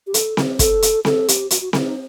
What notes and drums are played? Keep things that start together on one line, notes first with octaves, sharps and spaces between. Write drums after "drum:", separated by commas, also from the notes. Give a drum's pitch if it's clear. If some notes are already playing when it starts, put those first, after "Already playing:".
G4
A4, drum: hi-hat
drum: snare C4
A4, drum: kick, hi-hat
drum: hi-hat
A4, drum: snare C4
G4, drum: hi-hat
F#4, drum: hi-hat
F#4
E4, drum: snare C4
D#4